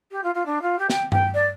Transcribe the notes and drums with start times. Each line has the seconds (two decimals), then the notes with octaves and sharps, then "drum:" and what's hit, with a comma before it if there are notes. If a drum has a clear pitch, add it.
0.11 G4
0.23 F4
0.34 F4
0.45 D4
0.62 F4
0.78 G4
0.90 G5, drum: snare
1.12 G5, drum: tom G2
1.34 D5